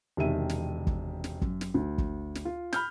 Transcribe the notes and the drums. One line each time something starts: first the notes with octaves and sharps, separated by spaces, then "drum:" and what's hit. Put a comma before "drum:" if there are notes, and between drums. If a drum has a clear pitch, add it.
E1 C3 D#3 E5 D#7
drum: snare
drum: kick G1
drum: snare
F#2, drum: kick G1
drum: snare
D2
drum: kick G1
drum: snare
F4
B5 F6 G6, drum: snare